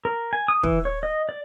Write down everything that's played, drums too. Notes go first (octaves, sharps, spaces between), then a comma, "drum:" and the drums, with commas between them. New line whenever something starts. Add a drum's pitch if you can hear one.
A#4
G#5
D#6
E3, drum: kick
C#5
D#5
D5